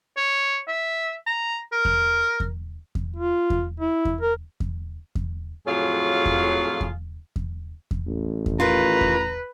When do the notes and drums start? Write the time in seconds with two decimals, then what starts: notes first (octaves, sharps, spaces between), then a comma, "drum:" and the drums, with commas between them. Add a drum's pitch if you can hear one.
0.17 C#5
0.68 E5
1.27 A#5
1.72 A#4
1.85 drum: kick E2
2.40 drum: kick E2
2.95 drum: kick E2
3.16 F4
3.50 drum: kick E2
3.80 E4
4.05 drum: kick E2
4.21 A#4
4.60 drum: kick E2
5.15 drum: kick E2
5.66 F2 A2 F#3 F4 G#4 F5
6.26 drum: kick E2
6.81 drum: kick E2
7.36 drum: kick E2
7.91 drum: kick E2
8.08 A1
8.46 drum: kick E2
8.60 D#3 F4 B4 A#5
9.01 drum: kick E2